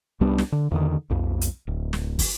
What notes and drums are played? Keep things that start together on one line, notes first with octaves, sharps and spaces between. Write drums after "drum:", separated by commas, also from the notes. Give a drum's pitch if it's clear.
C2 G3 B3 D4
drum: snare
D3
E2 D3 D#3
B1 F2
drum: hi-hat
D1
drum: snare
drum: kick, open hi-hat